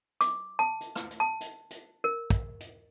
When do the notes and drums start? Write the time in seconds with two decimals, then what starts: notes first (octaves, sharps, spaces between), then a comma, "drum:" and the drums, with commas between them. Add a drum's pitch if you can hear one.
0.21 D6, drum: hi-hat
0.59 A5
0.81 drum: hi-hat
0.96 drum: rim click
1.11 drum: hi-hat
1.20 A5
1.41 drum: hi-hat
1.70 drum: hi-hat
2.04 A#4
2.30 drum: kick, hi-hat
2.60 drum: hi-hat